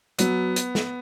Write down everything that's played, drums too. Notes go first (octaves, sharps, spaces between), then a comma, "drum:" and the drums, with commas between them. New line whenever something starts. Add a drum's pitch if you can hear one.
F#3 B3, drum: hi-hat
drum: hi-hat
drum: snare